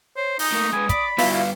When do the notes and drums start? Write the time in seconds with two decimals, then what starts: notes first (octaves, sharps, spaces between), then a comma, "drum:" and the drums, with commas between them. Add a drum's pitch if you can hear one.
0.16 C5 C#5
0.39 D#4 D#6, drum: open hi-hat
0.53 A3 A#3
0.73 G#3 B4 G#5
0.89 D5 B5, drum: kick, hi-hat
1.18 G2 B2 B3 E4 F4 F5, drum: open hi-hat